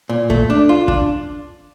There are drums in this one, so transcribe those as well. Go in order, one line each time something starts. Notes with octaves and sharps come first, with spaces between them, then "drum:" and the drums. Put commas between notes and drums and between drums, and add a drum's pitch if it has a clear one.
A#2
A3, drum: kick
D4
F4
D4, drum: kick